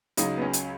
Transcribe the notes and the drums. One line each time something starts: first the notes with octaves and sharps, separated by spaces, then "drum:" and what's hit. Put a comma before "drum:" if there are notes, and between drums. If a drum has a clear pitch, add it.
C#2 C#3 F#3 D#4, drum: hi-hat
B3
C#4
drum: hi-hat